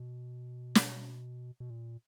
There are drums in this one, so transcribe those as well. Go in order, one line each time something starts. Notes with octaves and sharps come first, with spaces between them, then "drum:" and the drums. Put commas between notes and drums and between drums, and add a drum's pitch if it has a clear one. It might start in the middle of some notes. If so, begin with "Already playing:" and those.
Already playing: B2
drum: snare
B2
A#2